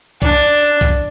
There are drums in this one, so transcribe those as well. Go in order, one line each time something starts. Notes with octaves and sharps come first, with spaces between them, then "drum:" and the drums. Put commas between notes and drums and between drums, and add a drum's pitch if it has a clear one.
D4, drum: kick, hi-hat
drum: hi-hat
drum: hi-hat
drum: kick, hi-hat